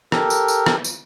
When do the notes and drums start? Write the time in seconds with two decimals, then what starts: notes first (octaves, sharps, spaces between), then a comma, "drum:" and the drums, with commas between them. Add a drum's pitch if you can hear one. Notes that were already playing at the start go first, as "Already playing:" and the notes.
0.12 G4 A4 A#4, drum: rim click
0.30 drum: tambourine
0.48 drum: tambourine
0.66 drum: rim click
0.84 drum: tambourine